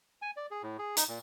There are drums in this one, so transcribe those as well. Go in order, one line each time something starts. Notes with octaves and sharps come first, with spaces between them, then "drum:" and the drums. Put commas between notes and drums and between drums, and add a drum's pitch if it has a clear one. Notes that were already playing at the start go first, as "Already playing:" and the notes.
G#5
D5
G#4
A2
G#4
D#4, drum: hi-hat
A#2